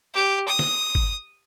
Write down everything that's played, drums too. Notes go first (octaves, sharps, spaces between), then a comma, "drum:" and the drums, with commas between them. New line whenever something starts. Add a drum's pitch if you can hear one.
G4
D#6
drum: snare
drum: kick